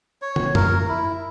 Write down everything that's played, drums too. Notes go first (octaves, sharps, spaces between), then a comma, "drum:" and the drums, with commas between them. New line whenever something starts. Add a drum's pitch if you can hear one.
C#5
drum: tom
A#4, drum: tom F#2
E4